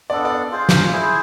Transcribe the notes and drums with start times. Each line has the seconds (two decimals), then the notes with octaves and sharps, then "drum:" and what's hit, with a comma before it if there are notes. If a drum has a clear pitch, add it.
0.10 B3 D4 A4 D5
0.25 D5
0.51 F4 G#4 C5 F5
0.69 drum: snare
0.92 E4 G#4 C5